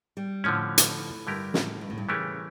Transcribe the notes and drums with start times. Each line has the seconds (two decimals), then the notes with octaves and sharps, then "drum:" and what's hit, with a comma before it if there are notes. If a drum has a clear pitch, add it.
0.17 G3
0.44 A2 D3 F3 C#4
0.78 drum: hi-hat
1.27 G2 D3 A3 E4 G4 A#4
1.54 A2, drum: snare
1.81 G2
1.90 A2
1.98 G2
2.09 C#3 E3 A3 C#4 G4 A#4